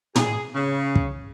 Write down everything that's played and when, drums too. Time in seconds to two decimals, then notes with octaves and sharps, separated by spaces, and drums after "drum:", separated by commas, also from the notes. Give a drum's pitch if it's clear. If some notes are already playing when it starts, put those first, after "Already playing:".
0.16 G#4, drum: tom
0.55 C#3
0.96 drum: kick